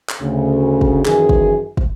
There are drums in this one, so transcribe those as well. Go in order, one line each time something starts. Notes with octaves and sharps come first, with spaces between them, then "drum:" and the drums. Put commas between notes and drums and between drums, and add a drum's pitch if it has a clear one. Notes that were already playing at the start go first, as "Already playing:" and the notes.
drum: clap
D2 C#3
drum: kick
F#2 D#3 E3 G#4, drum: clap
drum: kick
drum: kick